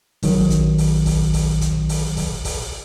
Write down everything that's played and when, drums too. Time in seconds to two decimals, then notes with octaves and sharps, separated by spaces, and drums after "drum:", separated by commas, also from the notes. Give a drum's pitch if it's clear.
0.23 A#1 D#3 F#3, drum: kick G1, open hi-hat
0.50 drum: kick G1, hi-hat
0.78 drum: open hi-hat
1.06 drum: kick G1, open hi-hat
1.34 drum: kick G1, open hi-hat
1.61 drum: kick G1, hi-hat
1.89 drum: open hi-hat
2.17 drum: kick G1, open hi-hat
2.45 drum: kick G1, open hi-hat